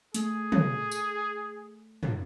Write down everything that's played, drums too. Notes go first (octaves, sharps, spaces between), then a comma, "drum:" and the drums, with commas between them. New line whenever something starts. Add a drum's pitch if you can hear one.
A3 G#4, drum: hi-hat
drum: tom
drum: tambourine
drum: tom